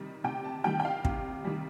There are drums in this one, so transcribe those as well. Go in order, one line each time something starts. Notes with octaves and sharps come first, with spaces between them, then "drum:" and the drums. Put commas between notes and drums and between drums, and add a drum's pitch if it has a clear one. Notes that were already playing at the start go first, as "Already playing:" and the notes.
Already playing: C3 D#3 G3
C3 G5
A5
D#3 G3 G5
G5
F5
C3, drum: kick
D#3 G3